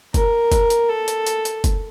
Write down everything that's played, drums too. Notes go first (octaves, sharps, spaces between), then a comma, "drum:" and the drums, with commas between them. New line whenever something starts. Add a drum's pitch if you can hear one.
A#4, drum: kick, hi-hat
drum: kick, hi-hat
drum: hi-hat
A4
drum: hi-hat
drum: hi-hat
drum: hi-hat
drum: kick, hi-hat